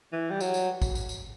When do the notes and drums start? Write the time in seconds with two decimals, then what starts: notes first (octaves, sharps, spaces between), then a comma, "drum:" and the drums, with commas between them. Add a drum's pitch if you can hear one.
0.12 E3
0.30 G3
0.41 F#3, drum: tambourine
0.54 drum: tambourine
0.82 drum: kick, tambourine
0.95 drum: tambourine
1.09 drum: tambourine